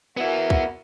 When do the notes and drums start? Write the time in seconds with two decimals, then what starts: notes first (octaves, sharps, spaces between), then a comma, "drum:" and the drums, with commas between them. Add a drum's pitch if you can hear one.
0.17 B3 E4 F#4 A#4
0.50 drum: kick